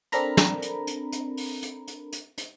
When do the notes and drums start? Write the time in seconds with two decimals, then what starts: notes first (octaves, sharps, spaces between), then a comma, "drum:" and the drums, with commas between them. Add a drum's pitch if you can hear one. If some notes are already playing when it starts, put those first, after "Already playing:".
0.12 C4 D4 A4 A#4 A#5 B5, drum: hi-hat
0.37 drum: snare
0.62 drum: hi-hat
0.87 drum: hi-hat
1.12 drum: hi-hat
1.37 drum: open hi-hat
1.62 drum: hi-hat
1.88 drum: hi-hat
2.13 drum: hi-hat
2.38 drum: hi-hat